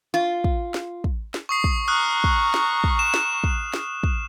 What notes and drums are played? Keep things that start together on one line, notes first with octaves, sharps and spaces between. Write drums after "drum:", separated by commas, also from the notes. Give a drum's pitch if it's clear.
F4
drum: kick
drum: snare
drum: kick
drum: snare
C#6 D#6 C7
drum: kick
A#5 C#6 D#6 F6 F#6
drum: kick
drum: snare
drum: kick
E7
drum: snare
drum: kick
drum: snare
drum: kick